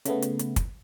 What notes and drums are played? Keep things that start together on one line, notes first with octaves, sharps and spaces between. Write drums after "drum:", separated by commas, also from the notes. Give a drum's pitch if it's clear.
C#3 A3 B3, drum: hi-hat
drum: hi-hat
drum: hi-hat
drum: kick, hi-hat